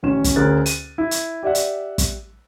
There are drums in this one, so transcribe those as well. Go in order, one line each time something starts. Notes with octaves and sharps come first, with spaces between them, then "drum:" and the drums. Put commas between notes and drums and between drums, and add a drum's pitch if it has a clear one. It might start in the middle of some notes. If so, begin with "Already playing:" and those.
D#1 A1 E3 C#4 E7
drum: kick, hi-hat
D2 C#4 G#4 A#4 F#6 A6
D#7, drum: hi-hat
E4
drum: hi-hat
G4 D5 E5 F#5
drum: hi-hat
drum: kick, hi-hat